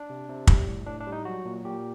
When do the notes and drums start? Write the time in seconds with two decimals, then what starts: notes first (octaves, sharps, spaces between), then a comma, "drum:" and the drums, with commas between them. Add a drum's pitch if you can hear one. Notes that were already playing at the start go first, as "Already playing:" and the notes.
Already playing: D4
0.10 C3
0.29 C3
0.47 G3, drum: kick
0.67 A2
0.86 A2 D4
1.00 D4
1.07 G3
1.12 D#4
1.25 F#3 F#4
1.45 A#2
1.65 A#2 G4